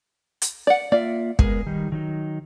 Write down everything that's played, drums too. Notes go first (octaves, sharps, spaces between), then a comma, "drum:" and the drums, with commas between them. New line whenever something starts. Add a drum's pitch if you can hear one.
drum: hi-hat
D5 F#5
A#3 F4 D5 E5
G#3 B3 G#4 A#4, drum: kick
D#3 G3 D#4
D#3 F#3 D#4